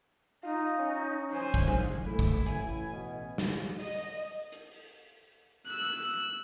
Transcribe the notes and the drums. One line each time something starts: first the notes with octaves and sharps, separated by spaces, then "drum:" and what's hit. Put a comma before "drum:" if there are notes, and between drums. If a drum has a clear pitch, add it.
D#4 F4
C#4
C5 G#5
drum: kick
drum: tom F#3
A3 E4
drum: kick
A1 G#5, drum: hi-hat
B2
drum: snare
D#5, drum: open hi-hat
drum: hi-hat
drum: open hi-hat
E6 F#6